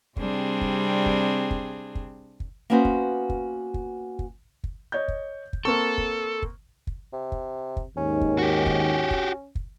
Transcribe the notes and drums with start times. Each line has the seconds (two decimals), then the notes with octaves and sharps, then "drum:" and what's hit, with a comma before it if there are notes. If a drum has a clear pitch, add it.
0.16 C3 G3 C4 D4 G#4, drum: kick
0.61 drum: kick
1.06 drum: kick
1.51 drum: kick
1.95 drum: kick
2.40 drum: kick
2.70 A#3 B3 C#4 F#4 B4 C5
2.85 drum: kick
3.29 drum: kick
3.74 drum: kick
4.19 drum: kick
4.64 drum: kick
4.92 C#5 D#5 G6
5.08 drum: kick
5.53 drum: kick
5.65 A#3 C4 A4 C#6
5.98 drum: kick
6.42 drum: kick
6.87 drum: kick
7.13 C3
7.32 drum: kick
7.77 drum: kick
7.97 D#2 G#2 D#3 C#4
8.21 drum: kick
8.38 F#4 G4
8.66 drum: kick
9.11 drum: kick
9.55 drum: kick